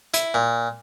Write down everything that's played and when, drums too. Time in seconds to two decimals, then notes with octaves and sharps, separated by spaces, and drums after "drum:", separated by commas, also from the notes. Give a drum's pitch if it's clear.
0.14 E4, drum: hi-hat
0.34 A#2